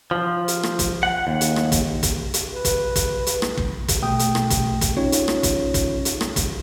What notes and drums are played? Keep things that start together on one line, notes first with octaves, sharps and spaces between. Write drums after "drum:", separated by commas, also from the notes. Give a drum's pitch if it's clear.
F3
drum: hi-hat
drum: rim click
drum: kick, hi-hat
F#5
D#2
drum: hi-hat
drum: rim click
drum: kick, hi-hat
drum: kick, hi-hat
drum: hi-hat
B4
drum: kick, hi-hat
drum: kick, hi-hat
drum: hi-hat
drum: rim click
drum: kick
drum: kick, hi-hat
B2 A3 G5 D#6
drum: hi-hat
drum: rim click
drum: kick, hi-hat
drum: kick, hi-hat
C#4 D#4 F4 C#5
drum: hi-hat
drum: rim click
drum: kick, hi-hat
drum: kick, hi-hat
drum: hi-hat
drum: rim click
drum: kick, hi-hat